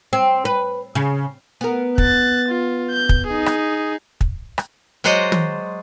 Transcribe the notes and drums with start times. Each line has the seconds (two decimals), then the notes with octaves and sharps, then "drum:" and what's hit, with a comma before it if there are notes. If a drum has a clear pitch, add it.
0.13 C4
0.45 B4
0.95 C#3
1.61 B3 A#4
1.98 F#6 A6, drum: kick
2.48 F4
2.91 G6
3.09 drum: kick
3.28 D#4 G#4
3.46 drum: rim click
4.21 drum: kick
4.58 drum: rim click
5.04 F#3 G#3 F#4 C5 D5 D#5
5.32 drum: tom